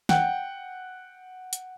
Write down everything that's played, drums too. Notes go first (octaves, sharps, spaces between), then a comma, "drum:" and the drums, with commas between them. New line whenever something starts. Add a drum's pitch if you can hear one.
F#5 G5, drum: snare
drum: hi-hat